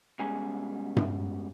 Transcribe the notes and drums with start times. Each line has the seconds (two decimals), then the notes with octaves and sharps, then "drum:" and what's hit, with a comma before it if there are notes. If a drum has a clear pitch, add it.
0.19 B2 G3 G#3 C#4 G#5
0.97 drum: tom G2